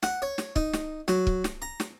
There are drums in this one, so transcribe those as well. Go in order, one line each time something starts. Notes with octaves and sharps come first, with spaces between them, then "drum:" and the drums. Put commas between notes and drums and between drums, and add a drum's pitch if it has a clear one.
F#5, drum: snare
C#5
drum: snare
D#4, drum: kick
drum: snare
F#3, drum: snare
drum: kick
drum: snare
A#5
drum: snare